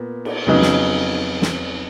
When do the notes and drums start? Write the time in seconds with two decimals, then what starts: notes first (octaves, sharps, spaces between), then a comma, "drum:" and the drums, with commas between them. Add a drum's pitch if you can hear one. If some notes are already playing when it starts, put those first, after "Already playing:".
Already playing: A#2 B3
0.25 drum: cymbal
0.47 F2 C#3 F#3 B3 D#4
0.62 drum: snare
1.42 drum: snare